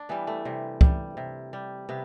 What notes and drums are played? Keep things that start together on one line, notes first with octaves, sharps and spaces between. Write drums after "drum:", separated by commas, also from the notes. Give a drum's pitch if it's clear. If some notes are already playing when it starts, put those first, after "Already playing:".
Already playing: D4
E3 G3 B3
A3
C3 G3
G3, drum: kick
C3
G3
C3 B3